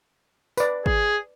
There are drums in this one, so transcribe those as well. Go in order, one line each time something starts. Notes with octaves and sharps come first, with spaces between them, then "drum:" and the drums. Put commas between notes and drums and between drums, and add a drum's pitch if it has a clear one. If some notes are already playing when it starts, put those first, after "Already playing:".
B4 D5, drum: tambourine
G#4, drum: kick G#1